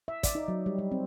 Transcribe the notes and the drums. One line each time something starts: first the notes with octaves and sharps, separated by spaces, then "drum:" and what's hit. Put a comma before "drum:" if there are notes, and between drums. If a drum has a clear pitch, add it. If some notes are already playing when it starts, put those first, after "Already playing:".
E5
D5, drum: kick, hi-hat
D#4
F#3
G3
G3
C4